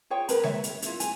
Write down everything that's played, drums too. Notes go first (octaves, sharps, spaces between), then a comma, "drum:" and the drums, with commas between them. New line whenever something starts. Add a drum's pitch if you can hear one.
F4 G#4 C#5 G5
A#4 B4 B5, drum: hi-hat
C#5 E5, drum: snare G#3
drum: hi-hat
E4 F4, drum: hi-hat
G#5, drum: hi-hat